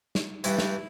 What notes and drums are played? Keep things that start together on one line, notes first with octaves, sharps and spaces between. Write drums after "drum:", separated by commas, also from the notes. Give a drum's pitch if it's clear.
drum: snare
G2 E3 G3 E4, drum: hi-hat
drum: snare